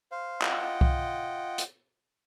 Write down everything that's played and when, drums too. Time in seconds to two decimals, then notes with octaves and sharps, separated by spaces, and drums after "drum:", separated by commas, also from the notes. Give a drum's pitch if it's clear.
0.12 C5 F5
0.42 F4 D#5 F#5 G5, drum: clap
0.81 drum: kick C2
1.58 drum: hi-hat